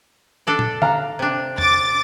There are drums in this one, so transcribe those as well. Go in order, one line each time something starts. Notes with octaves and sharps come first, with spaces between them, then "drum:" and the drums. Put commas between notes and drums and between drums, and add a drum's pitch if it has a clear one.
D4 A4 D5
drum: tom
F5 A#5, drum: tom
C3 D4
D6 A6, drum: tom